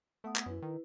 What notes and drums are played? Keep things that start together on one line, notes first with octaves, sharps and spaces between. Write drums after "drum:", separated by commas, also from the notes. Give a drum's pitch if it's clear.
A3 B3 F#5 D#6
drum: clap
F#2 E4 B4
D#3